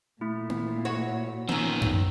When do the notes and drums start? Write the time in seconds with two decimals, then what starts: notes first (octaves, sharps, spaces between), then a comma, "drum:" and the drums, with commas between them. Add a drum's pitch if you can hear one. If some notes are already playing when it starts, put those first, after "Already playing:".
0.21 A#2 A3 E4
0.50 drum: tom A#3
0.85 F#4 C#5
1.49 D#3 F3 B3 C#4 E6, drum: tom A#3
1.82 drum: tom F#2